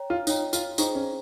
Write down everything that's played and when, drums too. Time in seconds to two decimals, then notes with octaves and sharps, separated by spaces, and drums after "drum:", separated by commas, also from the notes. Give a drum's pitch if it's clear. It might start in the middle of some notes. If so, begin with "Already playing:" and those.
Already playing: C#5 G5 A#5
0.10 F4
0.27 D#4 C#5 G5 A#5, drum: tambourine
0.53 F4, drum: tambourine
0.78 D#4 G#4 C5 G5 A#5 C#6, drum: tambourine
0.95 C#4